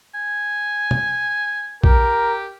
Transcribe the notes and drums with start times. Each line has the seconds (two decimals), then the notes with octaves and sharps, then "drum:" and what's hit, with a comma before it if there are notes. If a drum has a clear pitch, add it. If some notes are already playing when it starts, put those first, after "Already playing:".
0.15 G#5
0.91 drum: tom
1.84 G4 A#4, drum: kick A#1